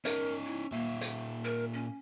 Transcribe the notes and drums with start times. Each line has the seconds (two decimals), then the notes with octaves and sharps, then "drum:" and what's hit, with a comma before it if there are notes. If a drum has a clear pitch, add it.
0.05 C#4 D#4 A#4, drum: hi-hat
0.46 E4
0.72 A#2 A#3 E5
1.01 drum: hi-hat
1.45 A#4
1.74 C#4